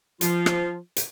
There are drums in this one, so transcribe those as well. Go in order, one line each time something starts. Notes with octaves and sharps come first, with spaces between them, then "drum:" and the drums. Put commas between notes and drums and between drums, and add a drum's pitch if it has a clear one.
F3 F4, drum: hi-hat
drum: rim click
drum: hi-hat